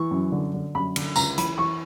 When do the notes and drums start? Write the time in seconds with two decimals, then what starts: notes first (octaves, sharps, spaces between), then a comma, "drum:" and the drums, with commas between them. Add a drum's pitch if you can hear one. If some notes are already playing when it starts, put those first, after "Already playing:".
Already playing: E3 C#6
0.11 F#2
0.32 D3
0.54 D3
0.75 F#2 B5
0.96 D3, drum: cymbal
1.16 C#2 A#5, drum: tambourine
1.38 E3 B5, drum: hi-hat
1.58 E3 C#6